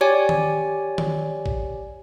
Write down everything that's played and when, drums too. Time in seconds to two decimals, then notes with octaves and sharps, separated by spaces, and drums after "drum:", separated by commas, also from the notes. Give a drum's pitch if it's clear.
0.01 G4 C#5 D5 G#5
0.29 drum: tom D#3
0.98 drum: tom D#3
1.46 drum: kick A1